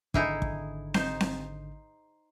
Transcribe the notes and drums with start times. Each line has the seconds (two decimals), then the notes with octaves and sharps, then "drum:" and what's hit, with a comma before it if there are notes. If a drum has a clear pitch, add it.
0.14 G#1 D3 D#4 E4 G#4, drum: kick
0.42 drum: kick
0.94 D#4 C5, drum: snare C4
1.20 drum: snare C4